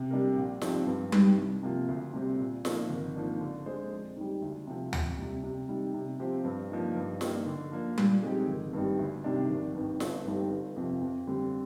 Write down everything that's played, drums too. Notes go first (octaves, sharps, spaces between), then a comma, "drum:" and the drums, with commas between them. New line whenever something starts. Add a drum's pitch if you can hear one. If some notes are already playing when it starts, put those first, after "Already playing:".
Already playing: C3
G3 D4 G4 A#4
A#1
G#2 F3 C4 G4, drum: snare
G2
D#3 G3, drum: tom G3
C2
C3 F3 A#3 F4
D2
C3 G3 C4 G4
A#2
F3 A#3 D#4 A#4, drum: snare
G#1
G#2 F3 A#3 D4
D3
G#3 D4 G#4 C5
F2
D#3 G3
D2
C3 F3 C4
F2, drum: tom D2
C3 G3
C3
D#3 G3
C3
F3 C4 G4 C5
G2
F3 A#3 D#4
G2
D#3 A#3 D#4 G4, drum: snare
D3
F3 A#3 D4
A#2, drum: tom G3
G#3 C4 D#4 G4
G#1
G2 D#3 G3
D2
C3 D#3 G3 D4
G#1
G2 D#3
G1, drum: snare
G2 D#3 G3
G1
F2 C3 F3
F2
D3 G3 C4